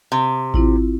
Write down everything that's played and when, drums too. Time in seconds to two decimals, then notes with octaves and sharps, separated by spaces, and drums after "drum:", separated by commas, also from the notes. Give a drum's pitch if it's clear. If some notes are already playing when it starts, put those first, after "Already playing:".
0.12 C3
0.54 C4 E4 F4, drum: kick A1